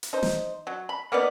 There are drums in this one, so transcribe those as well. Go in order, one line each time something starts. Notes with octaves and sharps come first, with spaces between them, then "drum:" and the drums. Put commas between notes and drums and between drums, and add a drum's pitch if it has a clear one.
drum: hi-hat
D#4 C5
drum: snare
F#3
B5
A#3 B3 D#4 D5